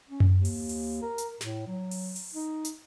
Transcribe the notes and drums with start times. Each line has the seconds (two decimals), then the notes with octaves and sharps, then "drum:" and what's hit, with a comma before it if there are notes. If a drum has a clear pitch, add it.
0.09 C#4
0.20 drum: tom F#2
0.33 D#2
0.45 drum: open hi-hat
0.69 drum: open hi-hat
1.02 A#4
1.18 drum: hi-hat
1.41 A2, drum: snare
1.67 F#3
1.91 drum: open hi-hat
2.16 drum: open hi-hat
2.34 D#4
2.65 drum: hi-hat